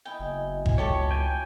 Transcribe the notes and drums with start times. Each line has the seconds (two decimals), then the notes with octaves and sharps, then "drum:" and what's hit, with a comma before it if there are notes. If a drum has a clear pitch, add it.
0.05 D#4 E4 G5 G#5
0.20 F#1 B2
0.66 A2 G#5, drum: kick
0.78 C#2 G4 A4 C#5 C#6
0.92 C3 A#5
1.11 F#4 C#5 G5 G#5